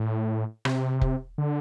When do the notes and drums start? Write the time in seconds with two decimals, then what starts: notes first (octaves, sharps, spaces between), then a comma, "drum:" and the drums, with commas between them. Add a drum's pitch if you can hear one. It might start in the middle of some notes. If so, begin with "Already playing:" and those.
Already playing: A2
0.65 C3, drum: rim click
1.01 drum: kick F1
1.38 D3